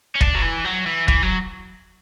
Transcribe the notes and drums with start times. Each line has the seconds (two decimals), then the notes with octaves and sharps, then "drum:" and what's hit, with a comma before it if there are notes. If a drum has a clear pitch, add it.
0.15 C#4
0.21 D4, drum: kick
0.35 F#3
0.42 E3
0.65 F#3
0.86 E3
1.08 E3, drum: kick
1.22 F#3